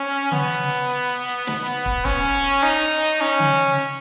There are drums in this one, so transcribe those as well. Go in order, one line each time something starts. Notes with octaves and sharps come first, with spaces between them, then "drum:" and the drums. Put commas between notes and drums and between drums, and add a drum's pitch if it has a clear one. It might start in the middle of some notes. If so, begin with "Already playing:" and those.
Already playing: C#4
B3, drum: tom C#3
drum: hi-hat
drum: hi-hat
drum: hi-hat
drum: hi-hat
drum: hi-hat
drum: snare
drum: hi-hat
drum: kick
C#4, drum: kick, hi-hat
drum: hi-hat
drum: hi-hat
D#4, drum: hi-hat
drum: hi-hat
drum: hi-hat
C#4, drum: hi-hat
drum: tom C#3
drum: hi-hat
drum: hi-hat